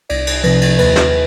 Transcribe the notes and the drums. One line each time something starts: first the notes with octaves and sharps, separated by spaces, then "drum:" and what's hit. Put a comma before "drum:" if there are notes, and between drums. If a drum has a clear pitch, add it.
C2 D5, drum: cymbal
drum: cymbal
C3 F3 B4, drum: cymbal
drum: cymbal
D#2 B4, drum: cymbal
drum: snare